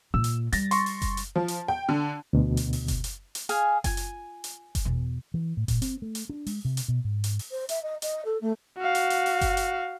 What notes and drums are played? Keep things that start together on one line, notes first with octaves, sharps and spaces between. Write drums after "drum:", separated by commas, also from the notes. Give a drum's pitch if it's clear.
A#2 E6
drum: hi-hat
G3 A6 A#6, drum: hi-hat
C6 C#6, drum: hi-hat
drum: open hi-hat
drum: kick F#1, hi-hat
drum: hi-hat
F3
drum: hi-hat
G5
D3
D2 B2
drum: hi-hat
drum: open hi-hat
drum: kick F#1, hi-hat
drum: hi-hat
drum: hi-hat
G#4 F5 G#5, drum: hi-hat
F4 G#5, drum: kick F#1, hi-hat
drum: hi-hat
drum: hi-hat
drum: kick F#1, hi-hat
E2 B2
E3
A2
A#2, drum: kick F#1, hi-hat
C4, drum: hi-hat
A3
drum: hi-hat
D4
G#3, drum: open hi-hat
C3
drum: hi-hat
B2
G#2
drum: hi-hat
drum: open hi-hat
C5
E5, drum: hi-hat
D#5
D#5, drum: hi-hat
A4
A3
F#4 F5
drum: hi-hat
drum: hi-hat
drum: open hi-hat
drum: kick F#1, hi-hat
drum: hi-hat